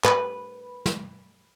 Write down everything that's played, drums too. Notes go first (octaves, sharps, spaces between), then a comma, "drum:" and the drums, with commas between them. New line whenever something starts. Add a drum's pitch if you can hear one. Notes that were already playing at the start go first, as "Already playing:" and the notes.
B4, drum: clap
drum: snare